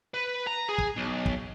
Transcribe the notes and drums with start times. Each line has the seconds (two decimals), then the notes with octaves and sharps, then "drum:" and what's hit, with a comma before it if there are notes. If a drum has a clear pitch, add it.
0.14 B4
0.47 A#5
0.69 G#4
0.78 drum: kick
0.96 B1
1.26 drum: kick